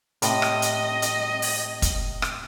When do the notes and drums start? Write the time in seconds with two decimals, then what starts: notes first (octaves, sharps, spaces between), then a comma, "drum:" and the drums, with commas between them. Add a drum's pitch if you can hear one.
0.22 A2 C3 D#5, drum: hi-hat
0.42 drum: rim click
0.62 drum: hi-hat
1.02 drum: hi-hat
1.42 drum: open hi-hat
1.82 drum: kick, hi-hat
2.22 drum: rim click